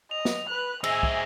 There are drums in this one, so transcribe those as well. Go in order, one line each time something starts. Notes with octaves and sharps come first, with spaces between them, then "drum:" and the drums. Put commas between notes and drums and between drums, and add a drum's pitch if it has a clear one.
D#5 F7
drum: snare
B4 F#6
C4 G#4 D#5 E5 G#5 E6 A#6, drum: cymbal
drum: kick